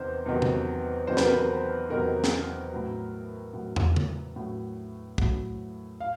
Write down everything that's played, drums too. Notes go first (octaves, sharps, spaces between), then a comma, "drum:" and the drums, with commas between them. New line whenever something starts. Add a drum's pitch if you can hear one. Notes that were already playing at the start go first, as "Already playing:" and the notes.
Already playing: E2 C3 D#3 C5
E2 C3 D#3 F#3
drum: tom C3
E2 C3 D#3 F#3 C5
B4, drum: snare
A#4
B4
E2 C3 D#3 F#3 A#4
drum: snare
A2 F#3
A2 F#3
drum: tom
drum: tom C#3
A2 F#3
A2 F#3, drum: kick
F5